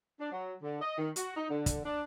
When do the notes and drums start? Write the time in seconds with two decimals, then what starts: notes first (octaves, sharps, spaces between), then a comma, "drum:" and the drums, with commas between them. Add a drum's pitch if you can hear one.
0.20 D4
0.32 F#3
0.62 D3
0.81 D#5
0.98 D#3
1.16 F#4, drum: hi-hat
1.36 D#4
1.50 D3
1.66 drum: kick, hi-hat
1.84 D4